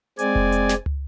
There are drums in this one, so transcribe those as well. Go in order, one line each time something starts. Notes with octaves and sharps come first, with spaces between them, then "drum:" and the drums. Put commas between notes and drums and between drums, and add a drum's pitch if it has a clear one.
G#3 C4 D5 G#5, drum: hi-hat
drum: kick F1
drum: hi-hat
drum: snare
drum: tom